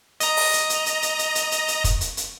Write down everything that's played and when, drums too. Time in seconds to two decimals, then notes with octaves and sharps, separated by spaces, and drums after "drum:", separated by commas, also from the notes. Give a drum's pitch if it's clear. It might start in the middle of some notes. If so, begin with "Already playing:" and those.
0.20 D#5 A#5, drum: hi-hat
0.37 drum: open hi-hat
0.53 drum: hi-hat
0.70 drum: hi-hat
0.86 drum: hi-hat
1.02 drum: hi-hat
1.19 drum: hi-hat
1.35 drum: hi-hat
1.51 drum: hi-hat
1.68 drum: hi-hat
1.84 drum: kick, hi-hat
2.01 drum: hi-hat
2.17 drum: hi-hat